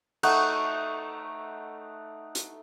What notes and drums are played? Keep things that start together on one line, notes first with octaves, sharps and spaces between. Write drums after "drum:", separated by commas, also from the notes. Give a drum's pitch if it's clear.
A3 D#4 F#5, drum: cymbal
drum: hi-hat